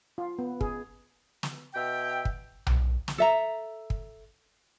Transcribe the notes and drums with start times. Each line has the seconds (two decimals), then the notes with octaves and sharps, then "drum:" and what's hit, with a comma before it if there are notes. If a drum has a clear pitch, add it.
0.18 F4
0.39 B3
0.61 G#4, drum: kick
1.43 drum: snare
1.74 B2 E5 G5
2.25 drum: kick
2.67 drum: tom B1
3.08 drum: snare
3.18 A4 E5 A#5
3.90 drum: kick